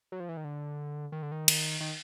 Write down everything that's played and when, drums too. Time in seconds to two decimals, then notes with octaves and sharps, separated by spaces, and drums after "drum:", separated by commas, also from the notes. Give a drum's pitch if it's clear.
0.12 F#3
0.20 F3
0.29 E3
0.37 D#3
0.44 D3
1.12 D#3
1.23 D3
1.32 D#3
1.48 drum: cymbal
1.80 D#3